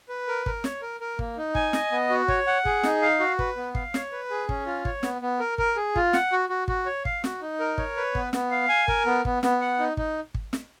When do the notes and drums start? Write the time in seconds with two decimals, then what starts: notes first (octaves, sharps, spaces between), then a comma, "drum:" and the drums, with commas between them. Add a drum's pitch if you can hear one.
0.09 B4
0.28 A#4
0.46 A#4, drum: kick
0.64 C#5, drum: snare
0.82 A#4
1.00 A#4
1.19 A#3, drum: kick
1.37 D#4
1.55 G#5, drum: kick
1.73 D#5, drum: snare
1.92 B3
2.10 F#4
2.28 C#5, drum: kick
2.47 F#5
2.65 G#4, drum: kick
2.83 D#4, drum: snare
3.02 F5
3.20 F#4
3.39 B4, drum: kick
3.57 B3
3.75 F5, drum: kick
3.94 C#5, drum: snare
4.12 B4
4.30 G#4
4.49 C#4, drum: kick
4.66 F4
4.85 C#5, drum: kick
5.03 B3, drum: snare
5.21 B3
5.40 A#4
5.58 A#4, drum: kick
5.76 G#4
5.96 F4, drum: kick
6.13 F#5, drum: snare
6.32 F#4
6.49 F#4
6.68 F#4, drum: kick
6.86 C#5
7.05 F5, drum: kick
7.24 F#4, drum: snare
7.42 D#4
7.60 A#4
7.78 C#5, drum: kick
7.97 B4
8.15 B3, drum: kick
8.33 B3, drum: snare
8.51 F5
8.69 G#5
8.88 A#4, drum: kick
9.06 B3
9.25 B3, drum: kick
9.43 B3, drum: snare
9.61 F#5
9.79 D#4
9.97 D#4, drum: kick
10.34 drum: kick
10.53 drum: snare